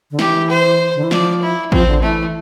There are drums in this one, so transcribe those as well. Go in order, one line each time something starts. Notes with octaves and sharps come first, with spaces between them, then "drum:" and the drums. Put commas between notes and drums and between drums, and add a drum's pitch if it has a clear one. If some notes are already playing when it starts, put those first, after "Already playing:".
D3
E3 G4, drum: snare
C5
D3
E3
F3 D5, drum: snare
E4
F3 C4, drum: kick A1
D3
E3 A3